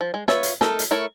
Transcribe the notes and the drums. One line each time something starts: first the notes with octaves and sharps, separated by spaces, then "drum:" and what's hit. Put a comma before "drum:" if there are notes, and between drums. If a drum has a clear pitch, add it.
F3
G#3
F4 B4 C#5 E5, drum: snare
drum: hi-hat
A3 D#4 A4 A#4, drum: snare
drum: hi-hat
A3 E4 A#4 C#5